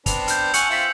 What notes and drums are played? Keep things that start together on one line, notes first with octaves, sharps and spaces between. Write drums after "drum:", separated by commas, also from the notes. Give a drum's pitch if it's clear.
B3 C4 D4 F7, drum: kick, hi-hat
F6 G6, drum: hi-hat
F#5 G#5 C#6 E6 C#7 F#7, drum: hi-hat
C4 F4 E5 B6 C#7 F#7